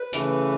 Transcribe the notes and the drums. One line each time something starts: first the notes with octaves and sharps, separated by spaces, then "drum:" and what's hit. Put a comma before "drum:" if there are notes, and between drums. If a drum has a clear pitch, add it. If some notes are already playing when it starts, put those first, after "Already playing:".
Already playing: B4
C#3 E3 A3, drum: hi-hat